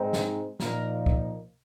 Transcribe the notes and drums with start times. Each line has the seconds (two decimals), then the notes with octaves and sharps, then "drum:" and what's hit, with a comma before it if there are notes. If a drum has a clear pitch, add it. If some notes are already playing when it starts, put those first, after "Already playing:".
Already playing: G#2 G#3 C4 D#4
0.13 drum: snare
0.60 A#2 F3 A#3 D#4 A#4, drum: snare
1.06 drum: kick C2